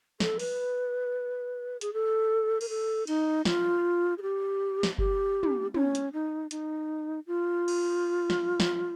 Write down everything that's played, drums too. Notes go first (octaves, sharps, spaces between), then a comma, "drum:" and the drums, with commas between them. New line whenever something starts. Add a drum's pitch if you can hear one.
A4, drum: snare
B4, drum: open hi-hat
G#4, drum: hi-hat
A4
A#4, drum: cymbal
A4
D#4, drum: cymbal
F4, drum: snare
G#4
G4
drum: snare
G4, drum: kick F#1
drum: tom
C#4, drum: tom
drum: hi-hat
D#4
D#4, drum: hi-hat
F4
drum: cymbal
drum: snare
drum: snare